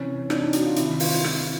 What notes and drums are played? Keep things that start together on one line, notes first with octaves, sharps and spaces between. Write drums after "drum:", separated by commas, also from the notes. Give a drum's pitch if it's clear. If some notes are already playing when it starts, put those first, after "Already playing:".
Already playing: C3 E3 C#4
D4, drum: rim click
D#4
F#4, drum: hi-hat
F4
C3 D#3 E4, drum: hi-hat
F4, drum: open hi-hat
F4, drum: rim click